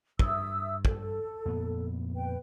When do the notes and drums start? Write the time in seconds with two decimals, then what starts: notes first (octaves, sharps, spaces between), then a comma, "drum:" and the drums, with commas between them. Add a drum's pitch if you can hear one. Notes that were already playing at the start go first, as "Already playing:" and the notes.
0.19 G2 E5 D#6 E6, drum: kick
0.85 A4, drum: kick
1.45 F2 A#2 B3
2.15 B4 G5